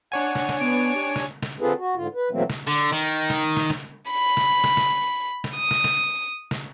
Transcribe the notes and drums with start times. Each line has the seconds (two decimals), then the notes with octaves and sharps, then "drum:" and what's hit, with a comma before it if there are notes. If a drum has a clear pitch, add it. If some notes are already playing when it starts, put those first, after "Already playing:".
0.12 D4 C#5 F#5 G#5
0.35 drum: snare
0.49 drum: snare
0.60 B3 D7
0.95 G4
1.16 drum: snare
1.43 drum: snare
1.61 D3 C4 F4 G#4 A4 B4
1.78 F#4
1.96 G#2 D3 F4
2.15 B4
2.31 B2 E3 F#3 A3 A#3 C4
2.50 drum: snare
2.67 D3
2.92 D#3
3.30 drum: snare
3.57 drum: snare
3.70 drum: snare
4.10 B5
4.37 drum: snare
4.64 drum: snare
4.77 drum: snare
5.44 drum: snare
5.55 D#6
5.71 drum: snare
5.84 drum: snare
6.51 drum: snare